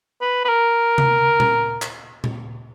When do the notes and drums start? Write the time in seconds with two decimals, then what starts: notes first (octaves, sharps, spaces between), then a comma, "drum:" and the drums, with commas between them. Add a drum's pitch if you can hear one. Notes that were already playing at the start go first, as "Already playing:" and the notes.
0.21 B4
0.45 B4
0.49 A#4
0.98 drum: tom C3
1.40 drum: tom A#2
1.82 drum: clap
2.24 drum: tom A#2